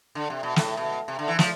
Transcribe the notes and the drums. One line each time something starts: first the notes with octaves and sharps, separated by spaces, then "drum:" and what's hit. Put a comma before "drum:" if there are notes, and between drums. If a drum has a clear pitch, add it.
D3
C3
B2
A2, drum: snare
B2
C3
D3
E3
F3, drum: snare